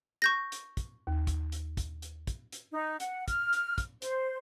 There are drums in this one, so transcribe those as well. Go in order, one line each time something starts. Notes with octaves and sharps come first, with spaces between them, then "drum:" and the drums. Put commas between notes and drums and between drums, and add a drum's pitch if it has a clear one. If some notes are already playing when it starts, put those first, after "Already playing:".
C#6 G6 A#6
drum: hi-hat
drum: kick, hi-hat
D#2
drum: kick, hi-hat
drum: hi-hat
drum: kick, hi-hat
drum: hi-hat
drum: kick, hi-hat
drum: hi-hat
D#4
F#5, drum: hi-hat
F6, drum: kick, hi-hat
drum: hi-hat
drum: kick, hi-hat
C5, drum: hi-hat